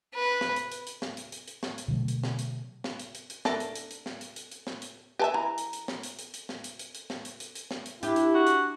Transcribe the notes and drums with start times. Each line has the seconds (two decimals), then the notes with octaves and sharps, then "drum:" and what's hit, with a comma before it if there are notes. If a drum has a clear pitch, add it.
0.15 B4
0.41 drum: snare
0.56 drum: hi-hat
0.72 drum: hi-hat
0.87 drum: hi-hat
1.02 drum: snare
1.17 drum: hi-hat
1.32 drum: hi-hat
1.48 drum: hi-hat
1.63 drum: snare
1.78 drum: hi-hat
1.88 B2 D3 F#3 A3
2.08 drum: hi-hat
2.24 drum: snare
2.39 drum: hi-hat
2.84 drum: snare
2.99 drum: hi-hat
3.15 drum: hi-hat
3.30 drum: hi-hat
3.45 A3 D4 A4 A#4, drum: snare
3.60 drum: hi-hat
3.75 drum: hi-hat
3.91 drum: hi-hat
4.06 drum: snare
4.21 drum: hi-hat
4.36 drum: hi-hat
4.51 drum: hi-hat
4.67 drum: snare
4.82 drum: hi-hat
5.19 G4 A4 B4 E5 G#5 A5
5.34 E3 A#5
5.58 drum: hi-hat
5.73 drum: hi-hat
5.88 drum: snare
6.03 drum: hi-hat
6.19 drum: hi-hat
6.34 drum: hi-hat
6.49 drum: snare
6.64 drum: hi-hat
6.79 drum: hi-hat
6.95 drum: hi-hat
7.10 drum: snare
7.25 drum: hi-hat
7.40 drum: hi-hat
7.55 drum: hi-hat
7.71 drum: snare
7.86 drum: hi-hat
8.03 D4 E4 G4, drum: hi-hat
8.16 drum: hi-hat
8.34 F#4
8.47 drum: hi-hat